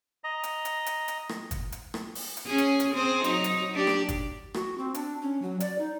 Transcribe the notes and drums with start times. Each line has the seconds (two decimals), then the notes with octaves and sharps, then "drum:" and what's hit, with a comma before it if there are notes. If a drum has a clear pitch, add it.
0.24 D#5 A#5
0.43 drum: hi-hat
0.65 drum: hi-hat
0.86 drum: hi-hat
1.08 drum: hi-hat
1.29 drum: rim click
1.51 drum: kick, hi-hat
1.72 drum: hi-hat
1.94 drum: rim click
2.15 drum: open hi-hat
2.37 drum: hi-hat
2.46 C#4 G#4
2.58 drum: hi-hat
2.80 drum: hi-hat
2.94 C4 G#4 C5
3.24 F#3 D#4, drum: hi-hat
3.44 drum: hi-hat
3.74 D4 G4 D5
3.87 drum: rim click
4.09 drum: kick, hi-hat
4.54 F#4, drum: rim click
4.78 C4
4.95 D4, drum: hi-hat
5.22 C#4
5.42 F#3
5.60 D5, drum: hi-hat
5.79 D#4